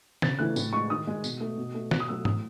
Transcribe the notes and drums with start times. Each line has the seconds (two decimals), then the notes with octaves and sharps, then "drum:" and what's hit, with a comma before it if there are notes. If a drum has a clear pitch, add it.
0.22 C#3 A6, drum: snare
0.39 E3 A3 F#6
0.56 A2, drum: tambourine
0.73 G#3 C#6
0.90 D#3 D#6
1.07 G#3
1.24 B2, drum: tambourine
1.41 A3
1.58 B2
1.75 A3
1.91 B2 F#6, drum: snare
2.00 D#6
2.08 F#3 A3 E6
2.25 A2 D#6, drum: tom